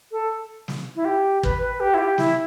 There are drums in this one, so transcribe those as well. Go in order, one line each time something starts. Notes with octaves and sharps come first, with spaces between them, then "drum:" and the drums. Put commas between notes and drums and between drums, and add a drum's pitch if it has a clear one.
A4
drum: snare
E4
G4
B4, drum: kick
B4
G4
E4
G4
E4, drum: snare